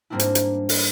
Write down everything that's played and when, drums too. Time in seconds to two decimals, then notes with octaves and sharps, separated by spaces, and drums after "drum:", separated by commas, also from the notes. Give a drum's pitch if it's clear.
0.10 G#2 G3 A#3 C4 D4 E4
0.19 drum: hi-hat
0.35 drum: hi-hat
0.69 drum: open hi-hat